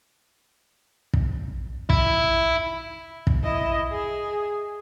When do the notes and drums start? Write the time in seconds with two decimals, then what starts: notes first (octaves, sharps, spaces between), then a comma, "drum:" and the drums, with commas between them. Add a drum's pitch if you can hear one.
1.13 drum: kick
1.90 E4, drum: kick
3.27 drum: kick
3.43 E4 D#5
3.92 G#4